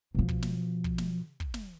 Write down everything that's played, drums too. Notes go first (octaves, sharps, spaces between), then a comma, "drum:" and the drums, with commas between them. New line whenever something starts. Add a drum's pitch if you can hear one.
B2 F3
drum: kick
drum: snare
drum: kick
drum: snare
drum: kick
drum: snare